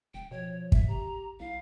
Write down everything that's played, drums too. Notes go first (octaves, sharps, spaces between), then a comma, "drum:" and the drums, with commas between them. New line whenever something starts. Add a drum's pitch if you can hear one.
E1 G5
B2 F3 C#5
B1 E5, drum: kick
G4 A#5
B1 E4 F5